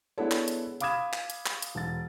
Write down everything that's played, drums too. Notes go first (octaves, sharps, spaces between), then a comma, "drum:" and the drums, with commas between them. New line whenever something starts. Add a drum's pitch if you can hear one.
G#3 B3 D4 E4 A4 C#5
drum: clap
drum: hi-hat
F5 B5 D6 D#6 G#6 E7, drum: hi-hat
drum: clap
drum: hi-hat
drum: clap
drum: hi-hat
E1 A6